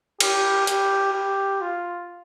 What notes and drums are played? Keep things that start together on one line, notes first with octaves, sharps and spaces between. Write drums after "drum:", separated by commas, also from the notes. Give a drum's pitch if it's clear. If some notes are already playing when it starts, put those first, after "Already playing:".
G4, drum: cymbal
G4, drum: hi-hat
G4
F4